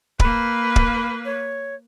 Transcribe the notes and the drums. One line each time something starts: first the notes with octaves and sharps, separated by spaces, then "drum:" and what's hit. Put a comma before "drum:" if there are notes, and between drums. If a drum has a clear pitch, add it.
A#3 B4 B5, drum: kick D1
drum: kick D1
C#5